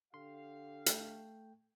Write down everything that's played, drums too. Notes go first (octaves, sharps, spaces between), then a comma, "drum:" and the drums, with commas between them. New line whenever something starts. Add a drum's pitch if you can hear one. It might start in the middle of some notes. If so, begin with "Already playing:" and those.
D3 G4 F5 C6
A3 G5, drum: hi-hat